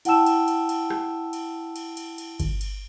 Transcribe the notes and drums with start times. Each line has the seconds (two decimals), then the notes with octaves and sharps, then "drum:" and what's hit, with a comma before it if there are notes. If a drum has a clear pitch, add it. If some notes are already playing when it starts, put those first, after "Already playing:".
0.05 E4 F#5 G5 A5 E6 E7, drum: cymbal
0.27 drum: cymbal
0.48 drum: cymbal
0.69 drum: cymbal
0.90 drum: rim click
1.33 drum: cymbal
1.76 drum: cymbal
1.97 drum: cymbal
2.18 drum: cymbal
2.40 drum: kick G1, cymbal
2.61 drum: cymbal